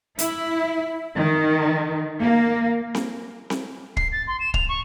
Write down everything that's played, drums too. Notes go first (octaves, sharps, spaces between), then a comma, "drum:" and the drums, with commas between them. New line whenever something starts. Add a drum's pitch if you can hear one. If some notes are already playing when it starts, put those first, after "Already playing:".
E4, drum: hi-hat
D#3
A#3
drum: snare C4
drum: snare C4
C7, drum: kick
A6
C6
E7
F7, drum: kick
C#6